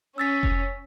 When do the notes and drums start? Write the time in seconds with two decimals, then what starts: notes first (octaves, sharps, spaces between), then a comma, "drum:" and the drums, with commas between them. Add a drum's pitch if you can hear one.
0.18 C#4 E6 A6 B6
0.43 drum: kick F1